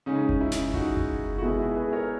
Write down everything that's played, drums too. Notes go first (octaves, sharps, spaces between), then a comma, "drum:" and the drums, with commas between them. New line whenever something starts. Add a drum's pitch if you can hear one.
C#3 G#3 C#4 D#4
drum: kick F#1
E4
drum: snare
D#4 F#4, drum: kick F#1
drum: kick F#1
F#4
B2 G#3 B3 E4 G#4
E4 G#4
G#4 B4
A#4 C#5